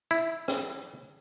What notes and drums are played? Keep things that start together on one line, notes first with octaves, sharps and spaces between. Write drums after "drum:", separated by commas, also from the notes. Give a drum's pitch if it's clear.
E4, drum: tambourine
drum: rim click